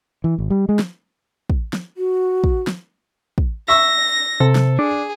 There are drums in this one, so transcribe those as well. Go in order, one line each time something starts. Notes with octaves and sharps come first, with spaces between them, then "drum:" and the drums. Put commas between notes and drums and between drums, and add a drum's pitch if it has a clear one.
E3
G#1
G3
G#3
drum: snare
drum: kick
drum: snare
F#4
drum: kick
drum: snare
drum: kick
E5 C#6 E6 A#6
C3 A4
drum: snare
D4 G#4